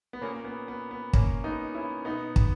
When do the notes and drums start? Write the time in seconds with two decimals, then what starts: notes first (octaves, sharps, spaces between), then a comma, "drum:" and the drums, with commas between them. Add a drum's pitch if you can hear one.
0.13 B3
0.21 A#2 A#3 C#4
0.45 B3
0.68 B3
0.91 B3
1.13 A#2 A#3 C#4, drum: kick
1.44 B3 D#4
1.74 C#4 E4
2.05 B2 B3 D#4
2.36 drum: kick